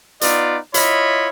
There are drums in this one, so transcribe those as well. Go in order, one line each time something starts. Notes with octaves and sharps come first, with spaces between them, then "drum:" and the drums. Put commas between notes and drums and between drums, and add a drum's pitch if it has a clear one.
B3 D#4 F4 D5, drum: hi-hat
E4 F4 C#5 D#5 B5, drum: hi-hat